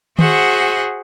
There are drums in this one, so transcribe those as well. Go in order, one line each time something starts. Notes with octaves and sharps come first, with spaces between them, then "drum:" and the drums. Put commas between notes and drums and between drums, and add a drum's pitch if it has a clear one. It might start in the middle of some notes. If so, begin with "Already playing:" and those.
F#4 G#4 C5 E5 F#5, drum: tom D#3